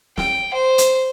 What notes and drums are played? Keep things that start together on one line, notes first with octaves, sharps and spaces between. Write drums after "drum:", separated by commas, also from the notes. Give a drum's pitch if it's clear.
G5, drum: snare
C5
drum: hi-hat